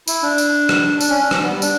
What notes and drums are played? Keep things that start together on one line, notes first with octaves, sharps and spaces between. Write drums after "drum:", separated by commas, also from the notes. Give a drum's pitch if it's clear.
E4, drum: tambourine
D4
drum: tambourine
drum: rim click
D4, drum: tambourine
C#4
D4
drum: rim click
B3
G3
D4, drum: tambourine